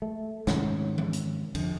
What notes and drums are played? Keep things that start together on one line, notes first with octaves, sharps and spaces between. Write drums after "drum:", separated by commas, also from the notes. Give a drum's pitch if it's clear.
A3
G#2 C3 D#3 C#4, drum: snare
drum: tom E3
drum: hi-hat
F2 D3, drum: cymbal